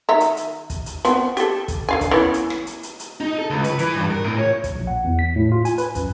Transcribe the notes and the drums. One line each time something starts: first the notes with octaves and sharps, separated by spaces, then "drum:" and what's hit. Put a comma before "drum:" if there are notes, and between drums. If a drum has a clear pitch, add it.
D#3 E5 A#5
drum: hi-hat
drum: hi-hat
drum: kick, hi-hat
drum: hi-hat
B3 C4, drum: hi-hat
G4 A4, drum: hi-hat
drum: kick, hi-hat
D3 F5 G#5
drum: kick, hi-hat
E3 B3 C#4
drum: hi-hat
drum: rim click
drum: hi-hat
drum: hi-hat
drum: hi-hat
D#4
A4
C#2
B4, drum: hi-hat
E3, drum: hi-hat
G2
A#4
A2
C#5
drum: kick, hi-hat
A#1
F#5
E2
B6
A2
F4
G#5, drum: hi-hat
B4, drum: hi-hat
F#2, drum: kick, hi-hat